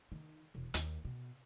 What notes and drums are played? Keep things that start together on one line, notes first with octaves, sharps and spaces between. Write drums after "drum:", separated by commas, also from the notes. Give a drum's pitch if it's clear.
D#3
E1
D#2, drum: hi-hat
B2